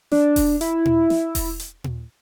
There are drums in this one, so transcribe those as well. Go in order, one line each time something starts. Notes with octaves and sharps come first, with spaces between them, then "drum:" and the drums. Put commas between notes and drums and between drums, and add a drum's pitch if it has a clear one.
D4, drum: snare
drum: kick E1, open hi-hat
E4, drum: hi-hat
drum: tom A#2
drum: snare
drum: kick E1, open hi-hat
drum: hi-hat
drum: tom A#2